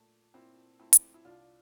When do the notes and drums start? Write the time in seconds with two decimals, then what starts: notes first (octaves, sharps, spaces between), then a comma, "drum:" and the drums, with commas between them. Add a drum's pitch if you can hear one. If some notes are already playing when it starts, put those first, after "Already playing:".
Already playing: A#2 A3
0.34 A#2 C4 E4
0.79 A3 C4 E4
0.93 drum: hi-hat
1.14 E4
1.25 C2 D4 F4